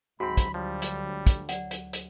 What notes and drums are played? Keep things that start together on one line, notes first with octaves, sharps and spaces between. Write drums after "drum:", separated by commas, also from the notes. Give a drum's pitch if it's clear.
D2 G#2 F#3 C4 F#4 B5
drum: kick, hi-hat
F3 G3
drum: hi-hat
drum: kick, hi-hat
D5 F#5, drum: hi-hat
drum: hi-hat
drum: hi-hat